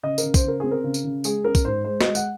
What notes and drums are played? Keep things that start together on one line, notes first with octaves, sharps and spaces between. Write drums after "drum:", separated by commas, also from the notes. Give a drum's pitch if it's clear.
C#3 D#5
A#4, drum: tambourine
C#3
C5, drum: kick, tambourine
C#3 A#4
C4 G#4
A#4
C#3
drum: tambourine
C#3
G#3 G#4, drum: tambourine
C#4 A#4
drum: kick, tambourine
G#2 C5
G#3 C5
G#3 D#5, drum: snare
F#5, drum: tambourine